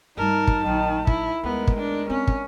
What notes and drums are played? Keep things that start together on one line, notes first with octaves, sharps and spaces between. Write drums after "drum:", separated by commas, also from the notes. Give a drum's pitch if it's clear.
G2 G3 D#4 A#4 A5
drum: kick
A#1 D#3 F#3
E4, drum: kick
D2 G#3 B3 D#4 A#4
drum: kick
D4
C4 C#4
drum: kick